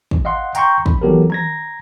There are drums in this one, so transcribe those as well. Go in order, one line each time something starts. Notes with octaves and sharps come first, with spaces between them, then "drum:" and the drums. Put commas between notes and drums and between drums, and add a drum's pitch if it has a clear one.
drum: kick
D#5 F5 F#5 C6
G5 A#5 C6 C#6 G6, drum: hi-hat
B5, drum: kick
E3 F#3 B3 G4 A4 A#4
A#5 G#6 A#6, drum: tom D#3